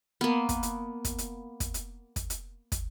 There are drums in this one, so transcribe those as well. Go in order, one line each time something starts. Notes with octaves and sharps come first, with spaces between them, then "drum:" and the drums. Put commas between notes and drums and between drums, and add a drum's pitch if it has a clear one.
A#3 B3
drum: kick, hi-hat
drum: hi-hat
drum: kick, hi-hat
drum: hi-hat
drum: kick, hi-hat
drum: hi-hat
drum: kick, hi-hat
drum: hi-hat
drum: kick, hi-hat